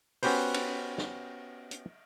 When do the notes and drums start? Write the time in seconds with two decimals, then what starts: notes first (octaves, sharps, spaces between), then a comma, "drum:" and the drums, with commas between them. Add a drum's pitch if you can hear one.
0.23 B3 C#4 F#4 G4 B4 C5, drum: open hi-hat
0.54 drum: cymbal
0.98 drum: snare
1.71 drum: hi-hat